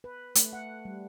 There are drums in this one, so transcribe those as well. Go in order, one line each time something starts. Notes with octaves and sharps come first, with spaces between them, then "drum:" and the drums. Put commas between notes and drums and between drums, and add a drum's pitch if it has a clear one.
B4
A3, drum: hi-hat
F#5
G3